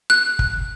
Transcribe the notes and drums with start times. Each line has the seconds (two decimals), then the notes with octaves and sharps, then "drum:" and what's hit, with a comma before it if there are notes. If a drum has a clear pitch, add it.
0.10 F#6
0.39 drum: kick